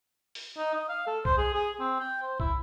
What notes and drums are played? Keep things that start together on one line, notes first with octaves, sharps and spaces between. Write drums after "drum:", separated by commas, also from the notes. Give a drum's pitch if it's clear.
drum: open hi-hat
D#4
D#5
F5
A4
C5, drum: kick B1
G#4
G#4
C4
G5
C5
E4, drum: kick B1